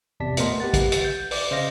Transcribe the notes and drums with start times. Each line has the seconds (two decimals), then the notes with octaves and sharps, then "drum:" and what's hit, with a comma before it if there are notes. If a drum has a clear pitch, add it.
0.20 G#1 E2 C3 D5 A5 B6
0.37 A#2 A3 B3 A#4 D#5 C6, drum: hi-hat
0.60 G4 B4 F#5 A6
0.74 drum: kick, hi-hat
0.92 drum: hi-hat
1.05 G6
1.31 B4 D5 D6, drum: open hi-hat
1.51 C#3 C5 D#5 F5 A#6